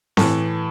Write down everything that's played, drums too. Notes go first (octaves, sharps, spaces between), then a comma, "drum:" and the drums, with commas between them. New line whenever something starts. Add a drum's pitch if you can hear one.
A2 E3 A5, drum: snare C4